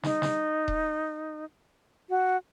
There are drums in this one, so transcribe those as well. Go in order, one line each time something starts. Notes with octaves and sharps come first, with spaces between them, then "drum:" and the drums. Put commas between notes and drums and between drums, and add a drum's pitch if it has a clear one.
D#4, drum: snare
drum: snare
drum: kick D#1
F#4